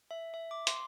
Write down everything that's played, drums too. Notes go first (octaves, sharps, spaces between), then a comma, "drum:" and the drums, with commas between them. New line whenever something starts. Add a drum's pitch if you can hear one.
E5
E5
D6
C6, drum: hi-hat